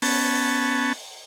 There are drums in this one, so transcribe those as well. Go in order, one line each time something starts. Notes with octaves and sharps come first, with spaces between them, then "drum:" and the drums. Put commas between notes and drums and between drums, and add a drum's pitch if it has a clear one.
B3 C#4 A5, drum: open hi-hat